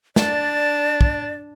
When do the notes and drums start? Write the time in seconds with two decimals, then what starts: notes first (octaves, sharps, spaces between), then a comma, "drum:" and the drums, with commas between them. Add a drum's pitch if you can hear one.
0.16 D4 D5 A5, drum: snare
1.01 drum: kick